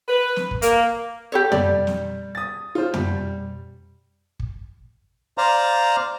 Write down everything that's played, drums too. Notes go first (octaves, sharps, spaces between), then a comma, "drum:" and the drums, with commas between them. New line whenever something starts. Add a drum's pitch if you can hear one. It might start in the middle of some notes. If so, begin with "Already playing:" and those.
B4
drum: snare
drum: kick
A#3, drum: hi-hat
G4 A4 C#5
G3 D5, drum: tom
drum: snare
D#6 A6
F4 C5
G3, drum: tom
drum: kick
C5 D5 F5 A#5